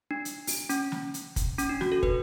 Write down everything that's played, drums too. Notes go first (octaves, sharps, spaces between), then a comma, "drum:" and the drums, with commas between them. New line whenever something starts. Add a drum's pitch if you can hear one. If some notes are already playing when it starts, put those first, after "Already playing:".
D4
drum: hi-hat
drum: open hi-hat
C#4, drum: hi-hat
drum: snare
drum: hi-hat
drum: kick, hi-hat
C#4, drum: hi-hat
D4
F#4, drum: snare
A4
B4, drum: kick